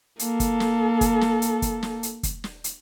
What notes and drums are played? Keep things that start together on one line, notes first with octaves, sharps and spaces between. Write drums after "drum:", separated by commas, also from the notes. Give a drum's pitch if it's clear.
A#3 A4, drum: hi-hat
drum: kick, hi-hat
drum: snare
drum: kick, hi-hat
drum: snare
drum: hi-hat
drum: kick, hi-hat
drum: snare
drum: hi-hat
drum: kick, hi-hat
drum: snare
drum: hi-hat